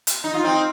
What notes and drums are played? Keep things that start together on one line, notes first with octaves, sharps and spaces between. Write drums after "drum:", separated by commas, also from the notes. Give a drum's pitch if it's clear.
drum: hi-hat
D#4
F4
C4 D#4